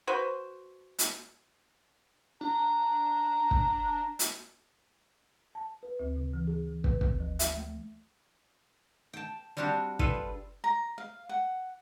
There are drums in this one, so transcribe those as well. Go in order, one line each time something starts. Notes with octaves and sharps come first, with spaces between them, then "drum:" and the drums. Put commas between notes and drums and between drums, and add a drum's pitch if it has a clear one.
F#4 B4 C5
drum: hi-hat
D4 A#5
drum: kick
drum: hi-hat
A5
B4
D2
C#3
E3
G#4
E3
B4, drum: kick
D2, drum: kick
F3
E5, drum: hi-hat
A3
G5 A5
G3 C4 D4 F#4 G4
G3 F4 G#4 A4 B4, drum: kick
A#5
F5
F#5